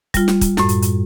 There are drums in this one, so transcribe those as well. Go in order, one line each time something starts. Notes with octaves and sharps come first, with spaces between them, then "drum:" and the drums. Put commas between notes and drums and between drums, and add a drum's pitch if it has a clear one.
G3 F4, drum: kick, hi-hat
drum: snare
drum: kick, hi-hat
F#2 A2, drum: snare
drum: hi-hat
drum: hi-hat